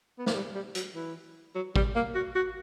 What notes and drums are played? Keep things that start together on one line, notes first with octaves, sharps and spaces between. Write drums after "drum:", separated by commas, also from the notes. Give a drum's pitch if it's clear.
B3
A#3, drum: snare
G3
G3
F#3, drum: hi-hat
E3
F#3
G3, drum: kick
A#3
F#4
F#4